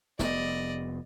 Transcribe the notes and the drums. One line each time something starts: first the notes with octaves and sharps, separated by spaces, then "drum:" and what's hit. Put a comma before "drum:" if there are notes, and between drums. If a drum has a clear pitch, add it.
F1 B3 D5 D#5, drum: snare